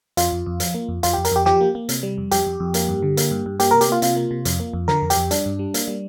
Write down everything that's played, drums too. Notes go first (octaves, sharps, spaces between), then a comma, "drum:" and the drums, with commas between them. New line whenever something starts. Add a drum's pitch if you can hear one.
F2 F4, drum: hi-hat
F2
F2
F3, drum: hi-hat
A#3
F2
F2 F4, drum: hi-hat
F2 G4
A#4, drum: hi-hat
F2 G4
F3 G4, drum: snare
A#3
A#3
C3, drum: hi-hat
G3
F2
F2 G4, drum: hi-hat
F2
F2
A#3, drum: hi-hat
G2
D3
A#3, drum: hi-hat
G2
G2
A#3 G4, drum: hi-hat
C3 A#4
G4, drum: hi-hat
A#3 F4
C3 F4, drum: hi-hat
A#3
C3
F2, drum: hi-hat
A#3
F2
D3 A#4, drum: snare
F2
G4, drum: hi-hat
F2
G3 D4, drum: hi-hat
G2
G3
A#3, drum: hi-hat
G3